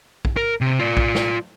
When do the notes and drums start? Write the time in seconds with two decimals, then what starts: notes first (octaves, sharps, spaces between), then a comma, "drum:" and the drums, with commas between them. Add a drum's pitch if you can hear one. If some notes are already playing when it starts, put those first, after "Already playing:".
0.25 drum: kick A#1
0.37 A#4
0.61 C3
0.79 F4 D5
0.97 drum: kick A#1
1.15 drum: snare